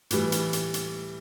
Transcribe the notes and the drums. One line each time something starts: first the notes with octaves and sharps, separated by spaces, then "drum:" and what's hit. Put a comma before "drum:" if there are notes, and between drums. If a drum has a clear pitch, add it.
A2 E3 G3, drum: hi-hat
drum: hi-hat
drum: hi-hat
drum: hi-hat